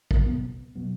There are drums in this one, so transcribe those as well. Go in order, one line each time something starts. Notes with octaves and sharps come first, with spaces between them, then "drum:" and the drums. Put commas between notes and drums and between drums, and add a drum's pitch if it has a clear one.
drum: kick
B1 B2 F#3 B3
B2 F#3 B3